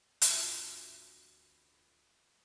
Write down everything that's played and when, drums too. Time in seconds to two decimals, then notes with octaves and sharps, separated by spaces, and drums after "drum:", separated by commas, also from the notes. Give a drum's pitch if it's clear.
0.22 D2 F4 F#4 B5, drum: hi-hat